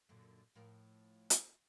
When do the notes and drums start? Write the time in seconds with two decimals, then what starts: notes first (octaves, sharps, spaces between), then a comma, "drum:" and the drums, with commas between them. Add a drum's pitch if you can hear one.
0.09 F#2 A#2 D3
0.55 A2 F3 A#4
1.30 drum: hi-hat